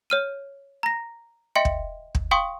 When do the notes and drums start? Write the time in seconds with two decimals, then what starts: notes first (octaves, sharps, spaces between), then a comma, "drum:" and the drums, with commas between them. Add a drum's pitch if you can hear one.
0.10 C#5 F6 D#7
0.83 A#5 A#6
1.56 D#5 E5 G5 C6 C#7
1.65 drum: kick
2.15 drum: kick
2.31 F5 G5 C6 C#6 D#6